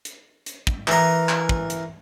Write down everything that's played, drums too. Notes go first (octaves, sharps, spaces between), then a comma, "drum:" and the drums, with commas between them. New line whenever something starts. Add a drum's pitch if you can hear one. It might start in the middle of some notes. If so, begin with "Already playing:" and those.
drum: hi-hat
drum: hi-hat
drum: kick
E3 A#4, drum: clap
drum: clap
drum: kick
drum: hi-hat